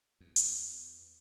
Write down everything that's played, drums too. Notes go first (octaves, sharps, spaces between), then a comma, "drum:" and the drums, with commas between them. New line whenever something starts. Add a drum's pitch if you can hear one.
E2
E2, drum: hi-hat